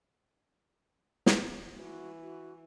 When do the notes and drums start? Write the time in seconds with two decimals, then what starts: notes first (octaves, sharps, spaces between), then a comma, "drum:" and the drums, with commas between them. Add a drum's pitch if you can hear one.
1.26 drum: snare
1.76 E3 F#4
2.22 F#4